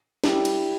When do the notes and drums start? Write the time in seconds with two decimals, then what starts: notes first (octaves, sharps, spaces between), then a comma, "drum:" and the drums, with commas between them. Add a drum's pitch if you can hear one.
0.24 G3 E4 G4, drum: snare
0.45 drum: cymbal